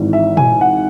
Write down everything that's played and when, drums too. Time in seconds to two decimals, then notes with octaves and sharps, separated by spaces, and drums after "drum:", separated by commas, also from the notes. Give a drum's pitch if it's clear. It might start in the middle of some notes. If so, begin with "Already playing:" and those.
Already playing: G#1 G#2 E3
0.13 E5
0.37 G#5, drum: tom A#2
0.61 F#5